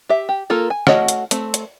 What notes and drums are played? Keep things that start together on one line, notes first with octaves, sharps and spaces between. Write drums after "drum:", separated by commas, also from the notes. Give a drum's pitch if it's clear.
G4 E5
G4
A#3 F4 A4 A#4
G#5
A3 F#4 C#5 D#5 F#5, drum: rim click
drum: hi-hat
A3 C4, drum: hi-hat
drum: hi-hat